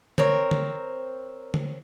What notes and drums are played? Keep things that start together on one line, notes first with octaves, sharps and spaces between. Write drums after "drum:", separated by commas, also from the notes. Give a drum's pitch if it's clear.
C4 A#4 C#5, drum: tom D3
drum: tom D3
drum: tom D3